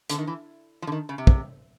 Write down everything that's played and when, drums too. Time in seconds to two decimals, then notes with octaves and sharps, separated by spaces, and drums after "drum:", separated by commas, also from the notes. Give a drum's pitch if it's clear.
0.09 D3, drum: hi-hat
0.18 D#3
0.27 E3
0.82 F3
0.87 D3
0.92 D#3
1.09 C#3
1.18 C3
1.27 drum: kick